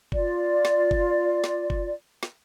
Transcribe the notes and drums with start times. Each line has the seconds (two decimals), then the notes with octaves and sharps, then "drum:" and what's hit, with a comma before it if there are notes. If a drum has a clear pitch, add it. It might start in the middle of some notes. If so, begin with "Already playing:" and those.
0.12 F4 D5, drum: kick F#1
0.65 drum: snare
0.91 drum: kick F#1
1.44 drum: snare
1.70 drum: kick F#1
2.23 drum: snare